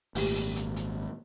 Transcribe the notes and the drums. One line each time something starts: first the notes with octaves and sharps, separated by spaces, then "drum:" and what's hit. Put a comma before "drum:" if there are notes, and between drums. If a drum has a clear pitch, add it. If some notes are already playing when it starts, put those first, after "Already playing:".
G#1 A#2 A3 G4, drum: open hi-hat
drum: hi-hat
drum: hi-hat
drum: hi-hat